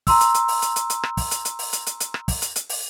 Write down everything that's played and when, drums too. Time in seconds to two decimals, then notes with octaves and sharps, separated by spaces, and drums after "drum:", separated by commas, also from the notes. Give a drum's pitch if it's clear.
0.07 A#5 C6 E6, drum: kick, open hi-hat
0.21 drum: hi-hat
0.34 drum: hi-hat
0.48 drum: open hi-hat
0.62 drum: hi-hat
0.76 drum: hi-hat
0.90 drum: hi-hat
1.03 drum: rim click
1.17 drum: kick, open hi-hat
1.31 drum: hi-hat
1.45 drum: hi-hat
1.59 drum: open hi-hat
1.73 drum: hi-hat
1.86 drum: hi-hat
2.00 drum: hi-hat
2.14 drum: rim click
2.28 drum: kick, open hi-hat
2.42 drum: hi-hat
2.56 drum: hi-hat
2.69 drum: open hi-hat